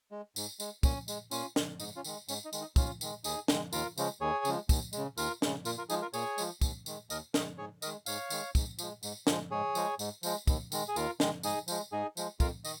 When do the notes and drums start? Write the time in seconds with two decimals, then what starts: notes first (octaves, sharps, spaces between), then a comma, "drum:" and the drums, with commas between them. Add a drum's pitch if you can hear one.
0.11 G#3
0.36 G#2, drum: tambourine
0.60 G#3, drum: tambourine
0.83 A#2 C#4, drum: kick, tambourine
1.08 G#3, drum: tambourine
1.31 A#2 C#4 F4, drum: tambourine
1.56 G#3, drum: snare
1.80 G#2 D#4, drum: tambourine
1.96 C#4 F4
2.04 D#3 G#3, drum: tambourine
2.29 G#2 C#4, drum: tambourine
2.45 D#4
2.53 D#3 G#3, drum: tambourine
2.61 D#4
2.76 D#2 C#4 F4, drum: kick, tambourine
3.01 D#3 G#3, drum: tambourine
3.24 D#2 D#4 G#4, drum: tambourine
3.48 D#3 G#3, drum: snare
3.73 D#2 F4 A#4, drum: tambourine
3.98 C#3 F3 G#3, drum: tambourine
4.21 D#2 G#4 C#5
4.45 C#3 F3 G#3, drum: tambourine
4.69 D#2, drum: kick, tambourine
4.93 C#3 G#3, drum: tambourine
5.18 D#2 F4 A#4, drum: tambourine
5.42 C#3 G#3, drum: snare
5.65 A#2 F4 A#4, drum: tambourine
5.78 F4 A#4
5.90 F3 G#3 D#4 G#4, drum: tambourine
6.02 F4 A#4
6.13 A#2 G#4 C#5, drum: tambourine
6.38 F3 G#3, drum: tambourine
6.61 D#2, drum: kick, tambourine
6.86 D#3 G#3, drum: tambourine
7.10 D#2 A#4 D#5, drum: tambourine
7.34 D#3 G#3 A#4 D#5, drum: snare
7.58 G#2 G#4 C#5
7.82 D#3 G#3 A#4 D#5, drum: tambourine
8.06 G#2 C#5 F5, drum: tambourine
8.30 D#3 G#3, drum: tambourine
8.55 G#2, drum: kick, tambourine
8.79 F3 G#3, drum: tambourine
9.03 G#2, drum: tambourine
9.27 F3 G#3, drum: snare
9.51 G#2 G#4 C#5
9.75 F3 G#3, drum: tambourine
9.99 G#2, drum: tambourine
10.23 F3 G#3, drum: tambourine
10.47 D#2, drum: kick, tambourine
10.72 D#3 G#3, drum: tambourine
10.88 G#4
10.96 D#2 F4 A#4, drum: tambourine
11.20 D#3 G#3, drum: snare
11.43 G#2 D#4 G#4, drum: tambourine
11.68 F3 G#3, drum: tambourine
11.92 G#2 D#4 G#4
12.17 F3 G#3, drum: tambourine
12.40 F2 F4 A#4, drum: kick, tambourine
12.64 D#3 D#5, drum: tambourine